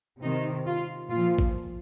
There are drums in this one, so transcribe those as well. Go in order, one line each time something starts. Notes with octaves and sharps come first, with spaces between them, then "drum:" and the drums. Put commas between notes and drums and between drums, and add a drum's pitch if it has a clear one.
C3 D#3 D#4
F4
A#2 F3 F4
drum: kick A1